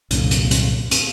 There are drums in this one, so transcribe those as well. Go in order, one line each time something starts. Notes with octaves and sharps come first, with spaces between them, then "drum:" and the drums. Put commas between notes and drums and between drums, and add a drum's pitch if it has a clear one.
C2 F#2 A#2 D3, drum: hi-hat
drum: hi-hat
drum: hi-hat
drum: hi-hat